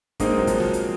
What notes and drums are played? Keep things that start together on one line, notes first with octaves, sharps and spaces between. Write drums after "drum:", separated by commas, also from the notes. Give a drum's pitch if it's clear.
G#3 A#3 C4 D#4, drum: kick, hi-hat
F#3
F3, drum: kick, hi-hat
drum: snare
drum: hi-hat